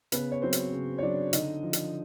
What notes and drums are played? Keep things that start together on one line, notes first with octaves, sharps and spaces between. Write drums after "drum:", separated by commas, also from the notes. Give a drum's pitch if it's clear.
C#3 B3 B4, drum: hi-hat
C#5
F#3 C4 C5
drum: hi-hat
C#3
C#5
F#3 D4 D5
D3 D#4 D#5, drum: hi-hat
F3
drum: hi-hat